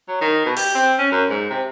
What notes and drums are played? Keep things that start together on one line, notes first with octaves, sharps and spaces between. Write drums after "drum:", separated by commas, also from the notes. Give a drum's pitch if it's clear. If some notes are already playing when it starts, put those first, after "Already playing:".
F#3
D#3
B2
G4, drum: open hi-hat
C4
C#4
F#2
G#2
C3